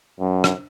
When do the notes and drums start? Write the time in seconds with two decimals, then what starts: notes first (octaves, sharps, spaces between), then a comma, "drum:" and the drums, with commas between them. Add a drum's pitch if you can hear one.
0.20 F#2
0.44 drum: rim click